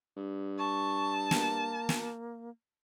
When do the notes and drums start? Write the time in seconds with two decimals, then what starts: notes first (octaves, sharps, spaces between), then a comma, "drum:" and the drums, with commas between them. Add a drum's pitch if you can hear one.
0.17 G2
0.59 A5 C#6
1.31 A#3, drum: snare
1.89 drum: snare